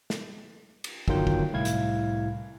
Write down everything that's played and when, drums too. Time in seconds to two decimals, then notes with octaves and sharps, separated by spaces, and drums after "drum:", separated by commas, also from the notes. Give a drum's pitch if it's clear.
0.10 drum: snare
0.84 drum: cymbal
1.08 G1 D#3 F#3 F4 G5 G6, drum: kick
1.27 drum: kick
1.53 C2 A2 E4 F5 G#6
1.65 drum: hi-hat